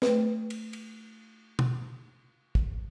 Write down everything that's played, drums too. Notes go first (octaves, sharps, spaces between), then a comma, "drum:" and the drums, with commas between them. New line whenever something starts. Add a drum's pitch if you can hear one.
A3 B4, drum: snare
drum: cymbal
drum: cymbal
drum: tom B2
drum: kick